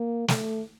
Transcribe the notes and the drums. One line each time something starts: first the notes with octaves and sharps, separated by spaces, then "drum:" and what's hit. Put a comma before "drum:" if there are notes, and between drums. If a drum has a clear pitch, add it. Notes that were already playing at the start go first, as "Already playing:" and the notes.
Already playing: A#3
A3, drum: snare